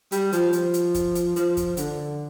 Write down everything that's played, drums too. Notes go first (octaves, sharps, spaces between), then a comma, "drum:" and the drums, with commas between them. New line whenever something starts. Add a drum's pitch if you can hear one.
G3, drum: hi-hat
F3, drum: hi-hat
F3, drum: hi-hat
drum: hi-hat
drum: kick, hi-hat
drum: hi-hat
F3, drum: hi-hat
drum: kick, hi-hat
D3, drum: hi-hat